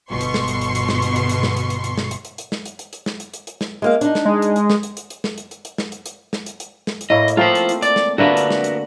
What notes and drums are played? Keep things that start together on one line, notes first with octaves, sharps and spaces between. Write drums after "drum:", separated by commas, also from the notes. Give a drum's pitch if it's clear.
G1 B2 C6 C#6
drum: hi-hat
drum: snare
drum: hi-hat
drum: hi-hat
drum: hi-hat
drum: snare
drum: hi-hat
drum: hi-hat
drum: hi-hat
drum: snare
drum: hi-hat
drum: hi-hat
drum: hi-hat
drum: snare
drum: hi-hat
drum: hi-hat
drum: hi-hat
drum: snare
drum: hi-hat
drum: hi-hat
drum: hi-hat
drum: snare
drum: hi-hat
drum: hi-hat
drum: hi-hat
drum: snare
G#3 A#3 F5
D4 D#4, drum: hi-hat
drum: snare
G#3
drum: hi-hat
drum: hi-hat
drum: snare
drum: hi-hat
drum: hi-hat
drum: hi-hat
drum: snare
drum: hi-hat
drum: hi-hat
drum: hi-hat
drum: snare
drum: hi-hat
drum: hi-hat
drum: snare
drum: hi-hat
drum: hi-hat
drum: snare
drum: hi-hat
A2 A#3 E4 D#5
drum: hi-hat
A3 A#3 C4 F4 C5
drum: hi-hat
drum: hi-hat
D5, drum: hi-hat
drum: snare
D3 A3 A#3 F#4 A#4 B4
drum: hi-hat
drum: snare
drum: hi-hat